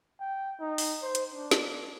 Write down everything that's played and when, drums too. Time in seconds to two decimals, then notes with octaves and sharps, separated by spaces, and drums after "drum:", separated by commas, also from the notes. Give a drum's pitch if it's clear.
0.20 G5
0.60 D#4
0.78 drum: open hi-hat
1.02 C5
1.15 drum: hi-hat
1.33 D4
1.51 drum: snare